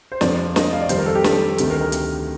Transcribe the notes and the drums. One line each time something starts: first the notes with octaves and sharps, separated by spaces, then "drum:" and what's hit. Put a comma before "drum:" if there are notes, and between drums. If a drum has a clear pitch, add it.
C5
F2 C3 F3 D5, drum: snare
D#5, drum: snare
F5
D5
F2 D#3 G3 C5, drum: hi-hat
A#4
A4
G4
A4, drum: snare
D2 C3 D#3, drum: hi-hat
A#4
A#4
drum: hi-hat